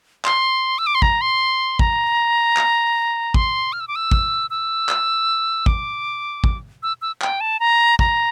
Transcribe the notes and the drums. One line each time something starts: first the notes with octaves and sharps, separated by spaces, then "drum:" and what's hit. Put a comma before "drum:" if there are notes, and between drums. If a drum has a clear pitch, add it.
C6, drum: clap
E6
D6
C6
A#5, drum: kick
C6
A#5, drum: kick
drum: clap
C6, drum: kick
F6
E6
D6
E6
drum: kick
E6
drum: clap
D6, drum: kick
drum: kick
E6
E6
G5, drum: clap
A5
A#5
A#5, drum: kick